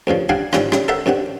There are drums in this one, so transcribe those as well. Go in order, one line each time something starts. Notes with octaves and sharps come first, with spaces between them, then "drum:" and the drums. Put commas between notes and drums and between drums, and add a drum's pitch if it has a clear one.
D2 G2 C#3 F3
G3 D4 F5 F#5 G#5
G#2 C#3 G3 C#4 F4, drum: rim click
C#3 G3, drum: rim click
A4 A#4 C5 E5 F#5
F#2 C3 D4 F#5